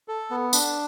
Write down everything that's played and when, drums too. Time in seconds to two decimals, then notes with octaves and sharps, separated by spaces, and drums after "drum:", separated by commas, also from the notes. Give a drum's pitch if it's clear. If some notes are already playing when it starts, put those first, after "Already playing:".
0.08 A4
0.31 B3
0.53 D4, drum: tambourine